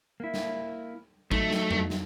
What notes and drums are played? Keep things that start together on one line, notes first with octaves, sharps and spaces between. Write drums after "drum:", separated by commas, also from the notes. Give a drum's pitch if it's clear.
A#3 E4
drum: snare
F#3 A3 D#4, drum: kick
drum: snare
drum: tom F2
drum: snare